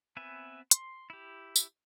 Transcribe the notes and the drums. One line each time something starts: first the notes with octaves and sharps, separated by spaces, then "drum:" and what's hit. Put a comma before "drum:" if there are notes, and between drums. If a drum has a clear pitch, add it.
B3 C4 B4 E5 G#5
C6, drum: hi-hat
E4 G4
drum: tambourine